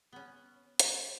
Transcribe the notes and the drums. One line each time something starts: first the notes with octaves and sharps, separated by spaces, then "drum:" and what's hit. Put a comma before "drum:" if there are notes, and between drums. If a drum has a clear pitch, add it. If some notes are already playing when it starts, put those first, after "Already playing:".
B3 C#4
drum: hi-hat